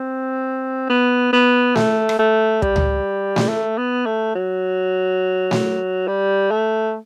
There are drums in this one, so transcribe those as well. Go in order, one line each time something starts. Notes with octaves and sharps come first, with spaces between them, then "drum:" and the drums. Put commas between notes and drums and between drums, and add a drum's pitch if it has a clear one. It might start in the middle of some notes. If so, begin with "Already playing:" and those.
Already playing: C4
B3
B3
A3, drum: snare A3
drum: rim click
A3
G3, drum: kick
drum: tom C#2
drum: snare A3
A3
B3
A3
F#3
drum: snare A3
G3
A3